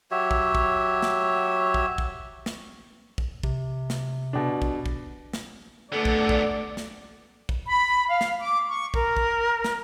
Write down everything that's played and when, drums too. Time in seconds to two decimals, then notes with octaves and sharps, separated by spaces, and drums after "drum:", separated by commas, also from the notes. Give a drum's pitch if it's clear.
0.11 F#3 G4 C#5 E5
0.31 drum: kick
0.55 drum: kick
1.03 drum: snare
1.74 drum: kick
1.98 drum: kick
2.46 drum: snare
3.18 drum: kick
3.43 C3, drum: kick
3.90 drum: snare
4.33 B2 D4
4.62 drum: kick
4.86 drum: kick
5.33 drum: snare
5.92 D3 A3 B3 A4 D5
6.05 drum: kick
6.29 drum: kick
6.77 drum: snare
7.49 drum: kick
7.68 B5
8.08 F5
8.21 drum: snare
8.40 D6
8.69 C#6
8.94 A#4, drum: kick
9.17 drum: kick
9.64 drum: snare